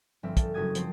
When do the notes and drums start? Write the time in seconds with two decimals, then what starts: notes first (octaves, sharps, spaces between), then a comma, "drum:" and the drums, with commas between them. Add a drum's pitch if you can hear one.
0.23 G1 F3 C4 E5 F6
0.37 A4, drum: kick, hi-hat
0.54 F#1 C#3 A3 F#4 D#6 G#6
0.75 F3 C4 A4 C5, drum: hi-hat